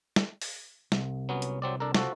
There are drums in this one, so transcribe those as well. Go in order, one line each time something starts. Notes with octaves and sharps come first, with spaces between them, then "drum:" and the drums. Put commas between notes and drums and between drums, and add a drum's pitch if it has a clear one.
drum: snare
drum: open hi-hat
C2, drum: snare
F#3 B3 C#4
drum: hi-hat
F#3 C4 D5
D4 A4 A#4
F3 F#4 A4, drum: snare